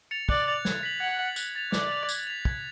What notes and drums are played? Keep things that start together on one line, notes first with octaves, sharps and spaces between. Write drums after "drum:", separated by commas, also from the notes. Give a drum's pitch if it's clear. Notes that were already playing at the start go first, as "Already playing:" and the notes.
A6 C#7 F7
D5 F#6, drum: kick
A6 C#7 F7
G#6, drum: snare
B6 F#7
F#5 G#6
B6 F#7
F#6, drum: tambourine
A6 F7
D5 F#6, drum: snare
A6 F7
G#6, drum: tambourine
B6 F7
G#6, drum: kick